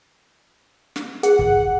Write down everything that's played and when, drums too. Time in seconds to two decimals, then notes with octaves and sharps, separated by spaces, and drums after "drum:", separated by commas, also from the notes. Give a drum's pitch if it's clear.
0.96 drum: snare
1.23 G#4 F#5, drum: hi-hat
1.39 drum: kick